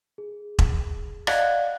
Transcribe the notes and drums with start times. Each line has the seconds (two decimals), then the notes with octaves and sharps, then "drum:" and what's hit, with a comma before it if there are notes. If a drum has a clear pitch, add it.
0.18 G#4
0.59 drum: kick E1
1.27 D5 D#5 F5 F#5 F#6 G#6, drum: rim click